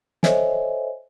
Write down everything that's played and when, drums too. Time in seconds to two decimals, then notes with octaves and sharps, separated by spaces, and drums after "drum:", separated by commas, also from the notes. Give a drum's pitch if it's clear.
0.23 A4 C5 C#5 D#5 E5 G#5, drum: snare